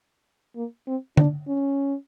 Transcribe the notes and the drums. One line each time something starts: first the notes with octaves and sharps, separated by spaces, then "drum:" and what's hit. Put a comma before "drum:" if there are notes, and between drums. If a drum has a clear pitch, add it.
A#3
C4
D4, drum: tom D3
C#4